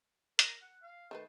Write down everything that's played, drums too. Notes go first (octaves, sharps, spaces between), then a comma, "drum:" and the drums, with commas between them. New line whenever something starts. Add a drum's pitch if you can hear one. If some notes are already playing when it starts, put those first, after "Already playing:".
A#4, drum: hi-hat
F#5
F5
D#3 A3 B4 C5